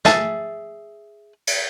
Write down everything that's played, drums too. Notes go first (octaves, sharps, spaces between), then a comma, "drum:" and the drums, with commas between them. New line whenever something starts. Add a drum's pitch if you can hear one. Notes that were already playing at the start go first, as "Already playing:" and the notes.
G#4 E5 A5, drum: snare
drum: cymbal